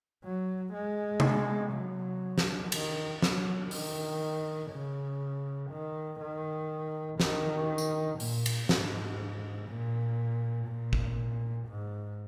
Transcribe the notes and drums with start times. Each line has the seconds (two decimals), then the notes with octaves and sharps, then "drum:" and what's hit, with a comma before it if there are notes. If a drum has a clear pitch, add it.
0.24 F#3
0.73 G#3
1.20 drum: tom C3
1.72 F#3
2.38 drum: snare
2.72 D#3, drum: cymbal
3.22 F#3, drum: snare
3.71 D#3, drum: open hi-hat
4.71 C#3
5.71 D#3
6.20 D#3
7.20 D#3, drum: snare
7.78 drum: tambourine
8.20 A#2, drum: open hi-hat
8.46 drum: cymbal
8.69 G#2, drum: snare
9.69 A#2
10.68 A#2
10.93 drum: kick
11.68 G#2